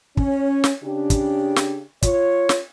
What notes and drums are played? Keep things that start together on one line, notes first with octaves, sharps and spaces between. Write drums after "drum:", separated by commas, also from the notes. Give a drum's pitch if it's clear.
C#4, drum: kick
drum: snare
C#3 D4 G4
drum: kick, hi-hat
drum: snare
F4 C#5, drum: kick, hi-hat
drum: snare